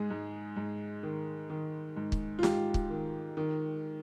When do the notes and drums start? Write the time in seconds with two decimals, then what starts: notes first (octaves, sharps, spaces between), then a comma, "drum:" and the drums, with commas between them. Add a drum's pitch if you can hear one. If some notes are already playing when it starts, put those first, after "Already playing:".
Already playing: G#2 G#3 G#4
0.10 G#2
0.56 G#2
1.03 D#3
1.50 D#3
1.96 G#2
2.12 drum: kick
2.39 F4
2.43 G#2 G4, drum: snare
2.74 drum: kick
2.90 D#3
3.37 D#3